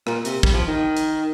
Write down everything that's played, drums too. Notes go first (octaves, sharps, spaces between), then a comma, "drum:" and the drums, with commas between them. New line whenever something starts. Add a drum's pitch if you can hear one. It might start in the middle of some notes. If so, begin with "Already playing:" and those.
A#2, drum: rim click
C3, drum: hi-hat
G3, drum: kick
F3
D#3
drum: hi-hat